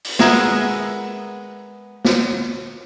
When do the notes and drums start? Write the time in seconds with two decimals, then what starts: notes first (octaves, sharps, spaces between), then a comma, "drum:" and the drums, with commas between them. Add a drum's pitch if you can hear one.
0.04 drum: open hi-hat
0.19 G#3 B3 A#4 E5, drum: snare
2.05 drum: snare